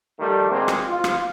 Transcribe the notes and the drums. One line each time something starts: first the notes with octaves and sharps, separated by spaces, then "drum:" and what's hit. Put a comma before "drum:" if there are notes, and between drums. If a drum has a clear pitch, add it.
A#1 D#3 G3 A3
B2 G#3 A#3 C4
drum: rim click
F4
drum: rim click